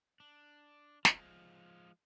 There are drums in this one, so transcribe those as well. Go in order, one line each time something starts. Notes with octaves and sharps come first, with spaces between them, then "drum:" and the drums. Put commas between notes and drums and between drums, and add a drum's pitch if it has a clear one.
D4
F3 G#3, drum: snare